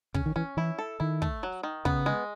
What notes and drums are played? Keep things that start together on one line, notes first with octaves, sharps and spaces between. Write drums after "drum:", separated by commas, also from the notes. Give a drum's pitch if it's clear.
C#3 C#4, drum: kick
D#3
E3 C#4
E3 E4
A4
D#3 E4
A3, drum: kick
F#3
D#3
C#3 B3, drum: kick
G#3